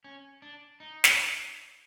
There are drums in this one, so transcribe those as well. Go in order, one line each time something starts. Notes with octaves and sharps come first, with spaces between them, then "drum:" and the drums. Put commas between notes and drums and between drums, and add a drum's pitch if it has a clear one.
C#4
D4
D#4
drum: snare